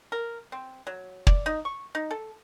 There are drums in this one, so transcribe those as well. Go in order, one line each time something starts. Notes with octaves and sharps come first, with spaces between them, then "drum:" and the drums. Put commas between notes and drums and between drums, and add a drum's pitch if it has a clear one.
A#4
C4
F#3
D5, drum: kick
D#4
C#6
D#4
A4